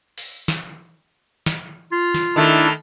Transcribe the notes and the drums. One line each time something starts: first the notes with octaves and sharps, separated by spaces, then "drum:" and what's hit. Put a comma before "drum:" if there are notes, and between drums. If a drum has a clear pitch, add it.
drum: open hi-hat
drum: snare
drum: snare
F4
drum: snare
D#3 A3 D4 E4